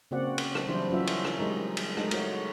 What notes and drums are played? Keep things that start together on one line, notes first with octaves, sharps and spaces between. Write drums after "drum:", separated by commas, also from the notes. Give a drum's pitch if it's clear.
C#3 A#3 C4 F#4 D5 F#5
drum: cymbal
drum: rim click
E3 F#3 G3 D4 E4 C5
F#3 C#4 F4 F#4 E5
drum: cymbal
drum: rim click
G3 G#3 D#4 A#4
drum: cymbal
G#3 A3 D#4, drum: rim click
A3 F#4 C#5, drum: cymbal